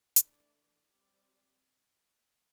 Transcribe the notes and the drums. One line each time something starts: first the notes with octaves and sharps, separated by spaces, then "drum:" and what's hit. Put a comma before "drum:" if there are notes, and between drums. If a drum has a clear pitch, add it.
E3 A3 D4 D5, drum: hi-hat
G3 C4 D5